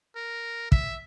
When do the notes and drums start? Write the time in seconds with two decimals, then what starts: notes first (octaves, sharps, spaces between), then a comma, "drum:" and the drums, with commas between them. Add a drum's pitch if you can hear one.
0.16 A#4
0.72 E5, drum: kick